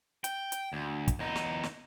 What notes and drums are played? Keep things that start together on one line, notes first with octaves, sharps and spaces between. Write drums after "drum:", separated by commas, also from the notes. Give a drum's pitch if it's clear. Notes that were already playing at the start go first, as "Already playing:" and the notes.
G5, drum: hi-hat
drum: hi-hat
D2
drum: kick, hi-hat
E2 D#4
drum: snare
drum: snare